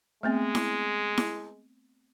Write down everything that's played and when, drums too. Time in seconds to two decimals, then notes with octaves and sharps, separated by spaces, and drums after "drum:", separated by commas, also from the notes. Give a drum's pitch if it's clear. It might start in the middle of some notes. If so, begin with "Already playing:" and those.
0.23 G#3 A3 B3 C4
0.55 drum: snare E4
1.18 drum: snare E4